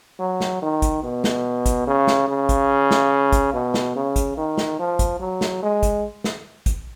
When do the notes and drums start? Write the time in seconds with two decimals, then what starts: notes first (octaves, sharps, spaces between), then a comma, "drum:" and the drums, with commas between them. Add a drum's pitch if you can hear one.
0.19 F#3
0.41 drum: snare
0.62 D#3
0.82 drum: kick A1, hi-hat
1.03 B2
1.24 drum: snare
1.66 drum: kick A1, hi-hat
1.87 C#3
2.07 drum: snare
2.28 C#3
2.49 drum: kick A1, hi-hat
2.91 drum: snare
3.32 drum: kick A1, hi-hat
3.53 B2
3.74 drum: snare
3.96 C#3
4.16 drum: kick A1, hi-hat
4.37 D#3
4.58 drum: snare
4.79 F3
4.99 drum: kick A1, hi-hat
5.20 F#3
5.41 drum: snare
5.62 G#3
5.83 drum: kick A1, hi-hat
6.24 drum: snare
6.66 drum: kick A1, hi-hat